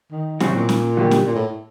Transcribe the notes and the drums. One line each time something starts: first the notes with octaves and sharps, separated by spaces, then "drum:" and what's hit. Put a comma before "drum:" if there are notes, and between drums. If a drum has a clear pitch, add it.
D#3
A2 C3 F#3 C4 F#4, drum: snare
A#2
drum: snare
D3 F#3 A#3 D4 G4
drum: snare
A#2
A2